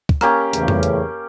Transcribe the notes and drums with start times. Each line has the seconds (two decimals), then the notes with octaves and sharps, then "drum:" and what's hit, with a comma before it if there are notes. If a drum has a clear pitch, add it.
0.09 drum: kick
0.21 A#3 C#4 G4, drum: rim click
0.53 E2 A2 C#3, drum: hi-hat
0.68 drum: tom F2
0.83 drum: hi-hat